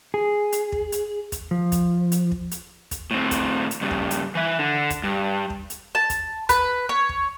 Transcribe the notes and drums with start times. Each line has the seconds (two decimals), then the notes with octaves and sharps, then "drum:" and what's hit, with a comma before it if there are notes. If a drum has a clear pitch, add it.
0.14 G#4
0.52 drum: hi-hat
0.72 drum: kick
0.92 drum: hi-hat
1.32 drum: kick, hi-hat
1.51 F3
1.72 drum: kick, hi-hat
2.12 drum: hi-hat
2.32 drum: kick
2.51 drum: hi-hat
2.91 drum: kick, hi-hat
3.11 A2 C4
3.31 drum: kick, hi-hat
3.71 drum: hi-hat
3.81 G2 C#3
3.91 drum: kick
4.11 drum: hi-hat
4.35 E3 E5
4.59 D3
4.90 drum: kick, hi-hat
5.04 G2
5.50 drum: kick
5.70 drum: hi-hat
5.95 A5
6.10 drum: kick, hi-hat
6.49 B4, drum: kick, hi-hat
6.89 C#5
7.09 drum: kick